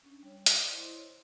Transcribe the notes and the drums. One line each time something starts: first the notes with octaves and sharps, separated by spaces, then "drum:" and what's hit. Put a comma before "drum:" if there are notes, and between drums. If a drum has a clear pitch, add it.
C#4 D4
G3 C#5
D5 D6 D#6, drum: hi-hat
E4 C5 D#5 C6
C#5